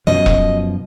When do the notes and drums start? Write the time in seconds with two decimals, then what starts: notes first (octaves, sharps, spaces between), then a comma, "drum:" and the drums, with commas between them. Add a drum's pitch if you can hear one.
0.07 F#2 B2 F3 D#5
0.26 drum: kick E1